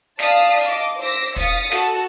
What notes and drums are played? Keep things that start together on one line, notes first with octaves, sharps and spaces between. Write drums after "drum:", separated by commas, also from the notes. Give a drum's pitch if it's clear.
D5 F5 A5 D#6 B6 C7, drum: snare
drum: hi-hat
D#5 D6
C5 D6 E6 A#6 B6
F5 D#6 A6 B6 C#7, drum: kick, hi-hat
F#4 A4, drum: snare